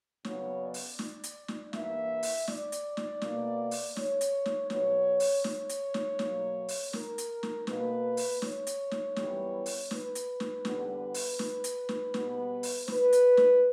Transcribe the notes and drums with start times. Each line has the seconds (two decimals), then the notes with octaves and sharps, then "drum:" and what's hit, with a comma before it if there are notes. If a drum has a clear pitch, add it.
0.25 C#3 F#3 B3 C#5, drum: snare
0.61 D5
0.74 drum: open hi-hat
0.99 drum: snare
1.24 drum: hi-hat
1.48 drum: snare
1.73 G2 E3 A#3 E5, drum: snare
2.23 drum: open hi-hat
2.48 D5, drum: snare
2.72 drum: hi-hat
2.97 drum: snare
3.22 B2 A#3, drum: snare
3.71 drum: open hi-hat
3.97 C#5, drum: snare
4.21 drum: hi-hat
4.46 drum: snare
4.70 B2 F#3 B3 C#5, drum: snare
5.20 drum: open hi-hat
5.44 C#5, drum: snare
5.69 drum: hi-hat
5.94 drum: snare
6.19 B2 F#3 A#3, drum: snare
6.68 drum: open hi-hat
6.93 A#4, drum: snare
7.18 drum: hi-hat
7.43 drum: snare
7.67 B2 A#3 B4, drum: snare
8.17 drum: open hi-hat
8.42 C#5, drum: snare
8.67 drum: hi-hat
8.91 drum: snare
9.16 F#2 E3 G3 B3, drum: snare
9.66 drum: open hi-hat
9.91 B4, drum: snare
10.15 drum: hi-hat
10.40 drum: snare
10.65 E2 D3 G3 B3, drum: snare
11.14 drum: open hi-hat
11.39 drum: snare
11.64 drum: hi-hat
11.89 drum: snare
12.14 B2 G3 B3, drum: snare
12.63 drum: open hi-hat
12.88 B4, drum: snare
13.13 drum: hi-hat
13.37 drum: snare